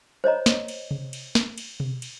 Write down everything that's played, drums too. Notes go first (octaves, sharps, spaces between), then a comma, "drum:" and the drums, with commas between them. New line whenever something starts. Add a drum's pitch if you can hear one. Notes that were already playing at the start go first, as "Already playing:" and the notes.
C5 C#5 D#5 A#5
drum: snare
drum: cymbal
drum: tom C3
drum: cymbal
drum: snare
drum: cymbal
drum: tom B2
drum: cymbal